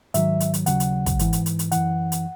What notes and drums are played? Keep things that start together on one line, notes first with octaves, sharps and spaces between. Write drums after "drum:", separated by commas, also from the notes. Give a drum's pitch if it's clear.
G#2 D#3 F#3 E5, drum: hi-hat
drum: hi-hat
drum: hi-hat
D#2 C#3 F#3 F#5, drum: hi-hat
drum: hi-hat
drum: kick, hi-hat
G#2 E3, drum: hi-hat
drum: hi-hat
drum: hi-hat
drum: hi-hat
F#2 E3 F#5, drum: hi-hat
drum: hi-hat